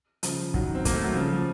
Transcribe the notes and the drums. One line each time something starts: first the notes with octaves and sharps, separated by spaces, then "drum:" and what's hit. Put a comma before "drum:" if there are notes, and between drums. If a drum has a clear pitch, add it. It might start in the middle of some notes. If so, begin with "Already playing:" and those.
C#3 F3, drum: hi-hat
D#3 F#3, drum: kick
C4
A#3, drum: kick, hi-hat
A3
F#3
C#3 F3
F3